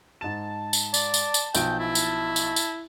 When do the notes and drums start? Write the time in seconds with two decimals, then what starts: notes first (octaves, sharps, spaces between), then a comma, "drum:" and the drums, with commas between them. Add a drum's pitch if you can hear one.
0.21 G#2 A5 E7
0.73 drum: tambourine
0.94 D5, drum: tambourine
1.14 drum: tambourine
1.34 drum: tambourine
1.55 B1 F3 G5 D7, drum: tambourine
1.79 E4
1.95 drum: tambourine
2.36 drum: tambourine
2.56 drum: tambourine